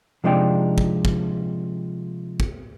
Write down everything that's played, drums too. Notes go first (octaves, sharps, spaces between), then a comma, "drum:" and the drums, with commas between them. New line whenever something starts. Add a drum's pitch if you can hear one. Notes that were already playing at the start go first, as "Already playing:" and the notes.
C3 F3 G#3 D4 D#4 G5
drum: kick
drum: kick
drum: kick